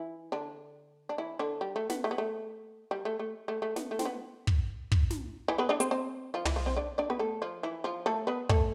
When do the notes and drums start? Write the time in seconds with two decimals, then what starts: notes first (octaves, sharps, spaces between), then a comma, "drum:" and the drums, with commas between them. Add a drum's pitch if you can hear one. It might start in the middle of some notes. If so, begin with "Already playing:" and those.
Already playing: E3 E4
0.32 D3 D4
1.09 D4
1.18 E3 E4
1.39 D3 D4
1.61 G3
1.76 A3
1.90 B3, drum: snare
2.04 A3
2.11 B3
2.18 A3
2.91 G3
3.05 A3
3.19 A3
3.48 A3
3.62 A3
3.76 B3, drum: snare
3.91 A3
3.99 C4, drum: snare
4.05 B3
4.47 drum: kick
4.92 drum: kick
5.10 drum: snare
5.48 E3 E4
5.58 B3 B4
5.69 D4 D5
5.80 C4 C5, drum: hi-hat
5.91 C4 C5
6.34 F3 F4
6.45 E3 E4, drum: tom
6.56 F3 F4
6.66 C4 C5
6.76 D4 D5
6.98 D4 D5
7.10 B3 B4
7.19 A3 A4
7.42 F3 F4
7.63 E3 E4
7.84 F3 F4
8.06 A3 A4
8.27 B3 B4
8.49 A3 A4, drum: kick